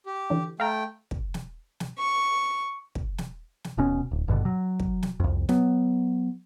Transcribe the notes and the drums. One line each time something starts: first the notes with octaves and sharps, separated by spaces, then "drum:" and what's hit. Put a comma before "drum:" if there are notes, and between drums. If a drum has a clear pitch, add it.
G4
D3 E3
A3 F5 G5 A#5
drum: kick
drum: snare
drum: snare
C#6
drum: kick
drum: snare
drum: snare
D#1 B2 C#4
D1
G#1 G2 B2 D3
F#3
drum: kick
drum: snare
C2 F2
F#3 B3, drum: snare